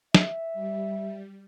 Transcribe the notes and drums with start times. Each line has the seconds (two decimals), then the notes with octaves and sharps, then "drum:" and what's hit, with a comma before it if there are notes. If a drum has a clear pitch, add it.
0.14 E5, drum: snare
0.54 G3